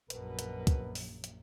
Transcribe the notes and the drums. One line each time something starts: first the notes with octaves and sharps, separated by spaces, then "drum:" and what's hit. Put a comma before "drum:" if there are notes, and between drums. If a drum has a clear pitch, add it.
A#1 F#2 B2 A#4 B4, drum: hi-hat
drum: hi-hat
drum: kick, hi-hat
drum: open hi-hat
drum: hi-hat